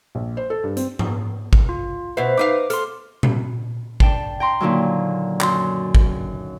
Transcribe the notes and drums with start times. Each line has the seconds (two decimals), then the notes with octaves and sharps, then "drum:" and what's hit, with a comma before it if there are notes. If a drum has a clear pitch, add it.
0.15 A#1
0.37 C5
0.50 A4
0.63 G2
0.77 C4, drum: hi-hat
0.99 drum: tom G#2
1.53 drum: kick G#1
1.69 F4
2.17 B2 B4 C5 E5
2.38 D#4 B4 F5 D6
2.70 A4 C6 F6, drum: hi-hat
3.23 drum: tom A#2
4.00 D4 G5 A5, drum: kick G#1
4.40 G5 A#5 C6
4.60 A#2 D3 D#3 F#3
5.41 F#2 C6, drum: clap
5.95 drum: kick G#1